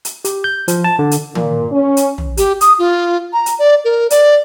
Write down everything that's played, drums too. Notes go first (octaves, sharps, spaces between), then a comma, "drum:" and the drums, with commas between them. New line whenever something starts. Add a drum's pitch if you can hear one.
drum: hi-hat
G4, drum: hi-hat
G6
F3, drum: hi-hat
A5
D3
drum: hi-hat
A#2, drum: tom D#3
C#4
drum: hi-hat
drum: tom
G4, drum: hi-hat
D#6, drum: hi-hat
F4
A#5
drum: hi-hat
D5
A#4
D5, drum: hi-hat